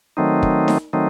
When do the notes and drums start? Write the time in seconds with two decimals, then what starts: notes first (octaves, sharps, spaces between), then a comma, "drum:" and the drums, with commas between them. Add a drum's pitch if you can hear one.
0.17 D#3 F#3 A3 C4 D#4
0.43 drum: kick
0.68 drum: snare D#4
0.93 D#3 F#3 A3 C4 D#4